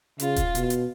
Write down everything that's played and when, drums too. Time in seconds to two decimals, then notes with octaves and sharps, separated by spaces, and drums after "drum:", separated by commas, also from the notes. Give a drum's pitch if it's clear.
0.20 C#3 F4, drum: hi-hat
0.36 drum: kick D#1, hi-hat
0.55 B2, drum: hi-hat
0.70 drum: hi-hat